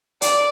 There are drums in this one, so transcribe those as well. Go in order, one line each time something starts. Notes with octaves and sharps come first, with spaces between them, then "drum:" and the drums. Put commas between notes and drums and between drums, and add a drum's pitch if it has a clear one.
D5, drum: hi-hat